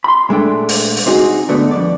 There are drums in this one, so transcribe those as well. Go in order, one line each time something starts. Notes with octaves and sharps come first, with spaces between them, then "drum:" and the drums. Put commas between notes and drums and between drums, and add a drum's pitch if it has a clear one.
B5 C6
A#2 G#3 A3 D4 G5
drum: open hi-hat
drum: open hi-hat
C3 C4 D#4 F#4 G#4
G#2 D3 A3 B3 D4
F2 C3 D5